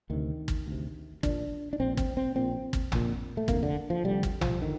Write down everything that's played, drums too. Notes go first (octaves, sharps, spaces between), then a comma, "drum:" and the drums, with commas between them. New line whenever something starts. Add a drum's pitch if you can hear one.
D2 C3 D#3
drum: kick
D2
C3
A#1 A#2 D4, drum: kick
D4
A#1 A#2 C4
C4, drum: kick
C4
A#1 A#2 C4
drum: kick
A#1 A#2, drum: tom
A3
F1 F2 D3 A#3, drum: kick
D3
F3
F1 F2 D3 G3
drum: kick
F3, drum: tom
D3 D#3